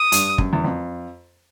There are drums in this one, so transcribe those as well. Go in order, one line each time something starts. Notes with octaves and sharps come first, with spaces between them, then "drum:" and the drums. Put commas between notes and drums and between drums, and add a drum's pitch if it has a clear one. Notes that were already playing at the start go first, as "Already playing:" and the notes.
Already playing: D#6
G2, drum: hi-hat
F#2, drum: kick
E2
F2